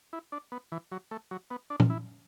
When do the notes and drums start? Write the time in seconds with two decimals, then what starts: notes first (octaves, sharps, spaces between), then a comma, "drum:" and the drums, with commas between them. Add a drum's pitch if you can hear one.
0.13 E4
0.32 D4
0.52 B3
0.72 E3
0.92 F#3
1.11 A3
1.31 F#3
1.50 B3
1.70 D4
1.80 drum: tom A#2
1.90 E4